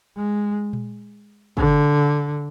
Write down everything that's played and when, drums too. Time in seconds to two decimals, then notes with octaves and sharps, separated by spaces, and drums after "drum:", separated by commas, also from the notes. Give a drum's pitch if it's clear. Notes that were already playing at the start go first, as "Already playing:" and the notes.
0.16 G#3
0.73 drum: tom A#2
1.57 D3, drum: kick